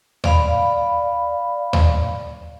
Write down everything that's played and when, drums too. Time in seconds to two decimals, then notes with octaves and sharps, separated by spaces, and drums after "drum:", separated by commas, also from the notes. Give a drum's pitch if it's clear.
0.24 D5 F5 B5, drum: tom D#2
1.73 drum: tom D#2